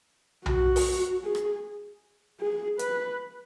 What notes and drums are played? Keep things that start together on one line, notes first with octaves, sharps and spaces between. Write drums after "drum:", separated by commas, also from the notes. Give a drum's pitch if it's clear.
F#4, drum: tom B1
drum: open hi-hat
G#4
drum: rim click
G#4
B4, drum: hi-hat